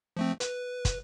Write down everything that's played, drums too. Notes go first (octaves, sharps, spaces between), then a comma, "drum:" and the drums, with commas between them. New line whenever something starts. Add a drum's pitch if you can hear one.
F3 A3 C4
B4, drum: hi-hat
drum: kick, hi-hat